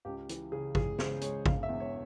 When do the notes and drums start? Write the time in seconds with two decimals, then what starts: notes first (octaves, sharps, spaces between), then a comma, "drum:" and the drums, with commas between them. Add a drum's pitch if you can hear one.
0.05 C#2 G4
0.29 E3, drum: hi-hat
0.52 C#3 G#4
0.75 E3 G#4, drum: kick G#1
0.98 C#3 C5, drum: snare
1.21 G#3 C#5, drum: hi-hat
1.46 E1 F5, drum: kick G#1
1.63 E5
1.69 E2
1.80 C#5